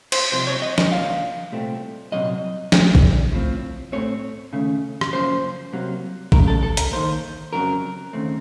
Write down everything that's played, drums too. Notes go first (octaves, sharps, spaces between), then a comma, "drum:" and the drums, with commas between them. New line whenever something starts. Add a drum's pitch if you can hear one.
C5, drum: cymbal
C2 C3 F3 C4 C5
C#5
D#5
D#5, drum: snare
C#2 C#3 F3 A#3 F5
C2 A#2 A3 C4
C2 A#2 F#3 C4 D#5
F#2 C#3 A3, drum: snare
drum: kick A1
A2 F3 C4
A2 A3 C4 C#5
D#2 C#3 A3
drum: rim click
F#2 C#3 F3 A#3 C5
C2 C3 F#3 A#3
F2 C#3 A3 A#4, drum: kick A1
A4
A4
A#4, drum: hi-hat
D#2 D#3 A#3 C5
F2 C#3 F#3 C4 A#4
D#2 C#3 A3 C4